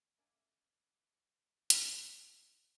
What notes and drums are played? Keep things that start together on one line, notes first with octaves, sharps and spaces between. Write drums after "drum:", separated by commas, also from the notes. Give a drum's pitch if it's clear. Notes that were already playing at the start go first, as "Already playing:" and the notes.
A1 A3 A#4 D5 G#5
drum: hi-hat